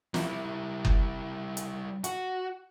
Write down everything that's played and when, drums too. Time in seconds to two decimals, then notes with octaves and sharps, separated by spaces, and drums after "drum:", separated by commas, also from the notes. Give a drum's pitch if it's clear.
0.14 G3 E4, drum: snare
0.85 drum: kick F#1
1.57 drum: hi-hat
2.04 F#4, drum: hi-hat